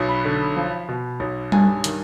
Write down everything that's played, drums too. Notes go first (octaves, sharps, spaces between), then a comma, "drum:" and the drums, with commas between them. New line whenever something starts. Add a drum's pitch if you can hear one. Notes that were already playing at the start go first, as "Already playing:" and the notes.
Already playing: B1 B2
B5
D3
F3
B2
B1
G2 G#5, drum: tom G3
D#3, drum: hi-hat